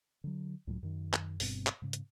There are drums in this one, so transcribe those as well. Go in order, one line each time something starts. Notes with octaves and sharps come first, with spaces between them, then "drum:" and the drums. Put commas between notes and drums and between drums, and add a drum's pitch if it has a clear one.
D3 F#3
C#2 A2 F#3
F#2 D#3
drum: clap
G1 G2 B2 C4, drum: open hi-hat
drum: clap
G#2 C#3
drum: hi-hat